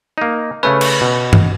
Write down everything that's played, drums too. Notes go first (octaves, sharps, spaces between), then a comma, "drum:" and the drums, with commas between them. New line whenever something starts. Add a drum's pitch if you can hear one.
A#3 D#4
C#3 A3 C#4 B4
drum: cymbal
B2
drum: tom G2